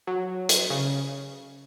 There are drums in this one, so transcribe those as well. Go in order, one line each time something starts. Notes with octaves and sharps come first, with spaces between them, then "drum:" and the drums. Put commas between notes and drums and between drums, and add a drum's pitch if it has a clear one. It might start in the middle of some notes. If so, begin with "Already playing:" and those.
F#3
drum: hi-hat
C#3